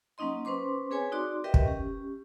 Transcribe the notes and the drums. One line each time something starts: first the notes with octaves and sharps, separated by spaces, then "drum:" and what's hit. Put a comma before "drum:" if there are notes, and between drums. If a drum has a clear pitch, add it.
F#3 A#3 C#4 D#4 D#5 C6
C#4 B4 C5 C6 D6
C4 G#4 B4 C#5 G#5
D#4 F#4 D5 C6 D6
G4 A#4 B4 D#5 E5 G5
drum: kick
C#4 G4